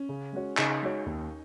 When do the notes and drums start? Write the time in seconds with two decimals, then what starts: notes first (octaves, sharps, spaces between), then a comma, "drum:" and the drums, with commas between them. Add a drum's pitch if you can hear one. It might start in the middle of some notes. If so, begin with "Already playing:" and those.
Already playing: C#4
0.09 C#3
0.33 G#3 F#4 C#5
0.57 C#3 D#4, drum: clap
0.82 G#3 F#4 C#5
1.06 D#2